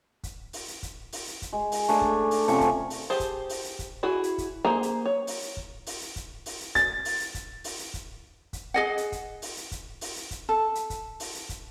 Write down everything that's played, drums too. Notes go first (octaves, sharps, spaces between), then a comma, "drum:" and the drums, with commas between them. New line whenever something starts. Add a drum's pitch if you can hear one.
drum: kick, hi-hat
drum: open hi-hat
drum: hi-hat
drum: kick, hi-hat
drum: open hi-hat
drum: hi-hat
drum: kick, hi-hat
G#3
drum: open hi-hat
A3 D4 G#5, drum: hi-hat
drum: kick
drum: open hi-hat
C3 F3 C#4 C#6, drum: hi-hat
drum: kick, hi-hat
drum: open hi-hat
G4 G#4 C5 A5
drum: kick, hi-hat
drum: open hi-hat
drum: hi-hat
drum: kick, hi-hat
E4 F#4 G#4
drum: hi-hat
drum: kick, hi-hat
A#3 G#4 C5 A#5
drum: hi-hat
C#5
drum: open hi-hat
drum: hi-hat
drum: kick
drum: open hi-hat
drum: hi-hat
drum: kick, hi-hat
drum: open hi-hat
drum: hi-hat
A6, drum: kick, hi-hat
drum: open hi-hat
drum: hi-hat
drum: kick, hi-hat
drum: open hi-hat
drum: hi-hat
drum: kick, hi-hat
drum: kick, hi-hat
G#4 D#5 F#5
drum: hi-hat
drum: kick, hi-hat
drum: open hi-hat
drum: hi-hat
drum: kick, hi-hat
drum: open hi-hat
drum: hi-hat
drum: kick, hi-hat
A4
drum: hi-hat
drum: kick, hi-hat
drum: open hi-hat
drum: hi-hat
drum: kick, hi-hat